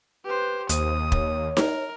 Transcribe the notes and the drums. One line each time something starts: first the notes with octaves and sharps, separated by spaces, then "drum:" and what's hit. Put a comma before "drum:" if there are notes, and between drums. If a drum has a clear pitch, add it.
G4 B4 C5
D#2 C5 D#6, drum: hi-hat
C#5, drum: kick
A#4, drum: snare D#4